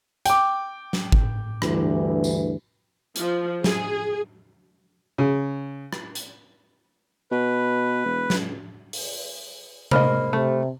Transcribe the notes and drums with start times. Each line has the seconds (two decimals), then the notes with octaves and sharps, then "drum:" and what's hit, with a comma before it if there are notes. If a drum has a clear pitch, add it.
0.25 G5 D6, drum: hi-hat
0.93 drum: snare
1.12 drum: kick
1.62 D2 G2 E3, drum: rim click
2.24 drum: tambourine
3.16 F3, drum: hi-hat
3.64 G#4, drum: snare
5.18 C#3
5.93 drum: rim click
6.15 drum: hi-hat
7.31 B2 B4
8.05 E1
8.30 C#2, drum: snare
8.93 drum: open hi-hat
9.91 G#3 A#3 C5 D#5 B5 F6, drum: tom C3
10.33 C3 A3